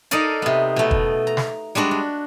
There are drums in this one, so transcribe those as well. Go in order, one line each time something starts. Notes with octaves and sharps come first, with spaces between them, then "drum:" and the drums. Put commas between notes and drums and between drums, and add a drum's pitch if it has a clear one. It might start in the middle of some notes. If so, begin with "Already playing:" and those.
D#4 A4 A#4 D5 D#5 F5, drum: hi-hat
C3 B3
B2 A3
drum: kick
A#5
drum: snare
G3 G#3 D4 F#4
F#4